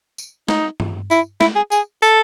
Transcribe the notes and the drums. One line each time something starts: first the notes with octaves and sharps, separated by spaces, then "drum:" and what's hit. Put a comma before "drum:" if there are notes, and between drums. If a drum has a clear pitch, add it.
drum: tambourine
D#4, drum: snare
drum: tom G2
E4, drum: tambourine
E4, drum: snare
G#4
G#4, drum: tambourine
A4, drum: tambourine